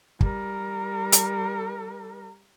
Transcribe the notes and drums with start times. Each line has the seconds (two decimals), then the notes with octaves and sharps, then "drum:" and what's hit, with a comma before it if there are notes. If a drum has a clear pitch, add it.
0.21 G3 A#4, drum: kick
1.13 drum: hi-hat